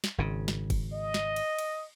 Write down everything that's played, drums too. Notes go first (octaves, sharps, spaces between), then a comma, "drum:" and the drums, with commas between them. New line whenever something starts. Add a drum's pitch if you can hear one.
drum: snare
G#1 C#3
drum: snare
drum: kick F#1, cymbal
D#5
drum: snare
drum: cymbal
drum: cymbal